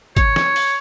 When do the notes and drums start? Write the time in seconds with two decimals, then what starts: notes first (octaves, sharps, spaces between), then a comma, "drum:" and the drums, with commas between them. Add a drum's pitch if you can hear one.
0.16 C#5, drum: kick, hi-hat
0.36 drum: snare
0.56 drum: open hi-hat